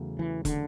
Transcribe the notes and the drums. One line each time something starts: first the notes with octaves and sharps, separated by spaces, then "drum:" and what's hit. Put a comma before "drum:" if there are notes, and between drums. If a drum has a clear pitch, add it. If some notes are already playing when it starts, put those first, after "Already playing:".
Already playing: E2 C#3 F#3 A3
E3
D3, drum: kick, hi-hat